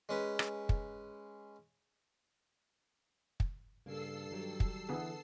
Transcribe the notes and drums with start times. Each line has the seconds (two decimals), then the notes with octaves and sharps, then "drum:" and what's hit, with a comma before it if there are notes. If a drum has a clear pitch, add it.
0.09 G#3 C#4 B4
0.39 drum: rim click
0.69 drum: kick
3.40 drum: kick
3.86 G2 C#3 A#3 A4 E6 C7
4.31 D#3 F#3 G3
4.60 drum: kick
4.89 D3 E3 B3 G#4